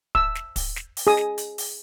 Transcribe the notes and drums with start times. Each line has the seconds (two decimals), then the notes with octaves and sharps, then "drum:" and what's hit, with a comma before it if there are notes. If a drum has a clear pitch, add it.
0.15 E6, drum: kick
0.35 drum: snare
0.56 drum: kick, open hi-hat
0.76 drum: snare
0.97 drum: open hi-hat
1.07 G#4 D#6
1.17 drum: snare
1.38 drum: hi-hat
1.58 drum: open hi-hat